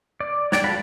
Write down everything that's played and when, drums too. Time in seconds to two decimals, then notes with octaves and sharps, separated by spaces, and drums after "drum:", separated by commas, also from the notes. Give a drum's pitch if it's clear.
0.20 D5
0.52 F#3 D5 G5, drum: snare
0.64 F4 F#4 A4 A5 B5